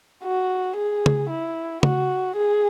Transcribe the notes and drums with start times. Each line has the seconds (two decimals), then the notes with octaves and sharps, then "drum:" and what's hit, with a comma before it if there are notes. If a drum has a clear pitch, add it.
0.24 F#4
0.76 G#4
1.06 drum: tom
1.30 E4
1.83 F#4, drum: tom
2.36 G#4